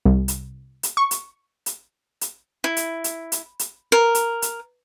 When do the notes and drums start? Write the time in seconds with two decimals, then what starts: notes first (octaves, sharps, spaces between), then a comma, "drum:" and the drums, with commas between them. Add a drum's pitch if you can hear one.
0.06 C2
0.28 drum: hi-hat
0.83 drum: hi-hat
0.97 C#6
1.11 drum: hi-hat
1.66 drum: hi-hat
2.21 drum: hi-hat
2.64 E4
2.77 drum: hi-hat
3.04 drum: hi-hat
3.32 drum: hi-hat
3.59 drum: hi-hat
3.92 A#4
4.15 drum: hi-hat
4.42 drum: hi-hat